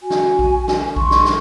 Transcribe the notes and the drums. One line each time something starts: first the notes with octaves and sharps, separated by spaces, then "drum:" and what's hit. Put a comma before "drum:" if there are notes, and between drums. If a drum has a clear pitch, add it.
F#4 G#5
drum: snare
drum: kick A#1
drum: snare
C6 C#6, drum: kick A#1
drum: snare
drum: snare